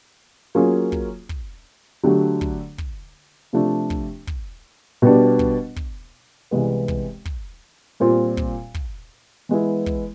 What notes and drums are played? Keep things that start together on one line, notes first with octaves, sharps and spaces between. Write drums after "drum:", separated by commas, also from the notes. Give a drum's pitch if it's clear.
F#3 A#3 C#4 F4 G#4
drum: kick
drum: kick
D3 F#3 A3 D4 G4
drum: kick
drum: kick
C3 F3 A3 D4
drum: kick
drum: kick
B2 G3 B3 D4
drum: kick
drum: kick
C2 C3 E3 G#3 B3
drum: kick
drum: kick
A#2 G3 C4 F4
drum: kick
drum: kick
E3 G#3 B3 E4
drum: kick